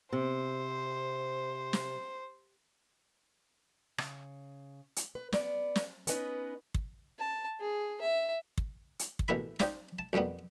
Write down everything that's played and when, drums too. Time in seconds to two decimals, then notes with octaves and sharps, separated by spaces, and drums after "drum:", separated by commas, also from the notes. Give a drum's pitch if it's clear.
0.13 C3 C5
1.73 drum: snare
3.98 C#3, drum: rim click
4.96 drum: hi-hat
5.15 B4
5.33 B3 D5, drum: snare
5.76 drum: snare
6.07 B3 C#4 D#4 B4 D#5, drum: hi-hat
6.74 drum: kick
7.19 A5
7.60 G#4
8.01 E5
8.58 drum: kick
8.99 drum: hi-hat
9.19 drum: kick
9.28 A1 B2 A#3 E4 B5
9.59 D#4 G4 C5 D5 F5 A#5, drum: snare
9.99 A5
10.13 B1 F2 G3 A#3 B3